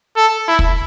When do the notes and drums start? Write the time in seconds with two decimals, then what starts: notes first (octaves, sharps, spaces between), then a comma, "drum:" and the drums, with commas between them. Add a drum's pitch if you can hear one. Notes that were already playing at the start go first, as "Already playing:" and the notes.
0.17 A4
0.48 E4
0.59 drum: kick